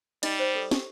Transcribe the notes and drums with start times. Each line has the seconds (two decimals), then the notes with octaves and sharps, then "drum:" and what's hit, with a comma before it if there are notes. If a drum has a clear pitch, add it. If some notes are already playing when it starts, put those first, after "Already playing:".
0.23 G3 D#4 D#5, drum: cymbal
0.39 C5
0.55 A4
0.71 G4, drum: snare